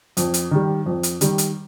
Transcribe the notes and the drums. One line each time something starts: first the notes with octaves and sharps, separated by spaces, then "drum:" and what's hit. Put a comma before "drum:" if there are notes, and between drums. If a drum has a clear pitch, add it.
F2, drum: hi-hat
drum: hi-hat
D#3 G3
F2
drum: hi-hat
D#3 G3, drum: hi-hat
drum: hi-hat